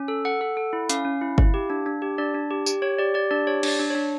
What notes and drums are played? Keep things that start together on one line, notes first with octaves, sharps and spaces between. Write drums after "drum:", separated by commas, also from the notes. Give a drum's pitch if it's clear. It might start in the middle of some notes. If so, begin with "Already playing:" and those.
Already playing: C#4
A4
A4 F#5
A4
A4
E4
C#4 F5, drum: hi-hat
C#4
E4
E4, drum: kick G1
G4
D4
D4
G4
D4 D5
D4
G4
G4, drum: tambourine
G4 C#5
G4 D5
G4 D5
D4 D5
G4 C#5
D4, drum: cymbal
D5
D4
D4 C#5